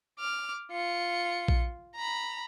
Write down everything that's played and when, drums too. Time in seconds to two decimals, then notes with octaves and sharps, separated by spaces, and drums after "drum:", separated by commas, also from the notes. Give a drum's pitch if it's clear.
0.19 D6 F6
0.71 F4 C#7
1.48 drum: kick A#1
1.95 A#5 B5